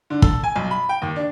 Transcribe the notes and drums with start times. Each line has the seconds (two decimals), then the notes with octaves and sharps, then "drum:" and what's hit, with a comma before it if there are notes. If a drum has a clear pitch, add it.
0.10 D3
0.22 A4, drum: kick
0.44 G#5
0.56 B1
0.71 B5
0.89 G5
1.02 D#2
1.16 D4